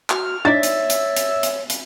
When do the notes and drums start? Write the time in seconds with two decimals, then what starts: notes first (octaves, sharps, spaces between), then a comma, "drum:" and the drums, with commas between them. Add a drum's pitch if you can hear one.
0.10 F#4 F6, drum: clap
0.45 D4 D#4 C#5 D5 E5 A6
0.63 drum: hi-hat
0.90 drum: hi-hat
1.17 drum: hi-hat
1.43 drum: hi-hat
1.70 drum: hi-hat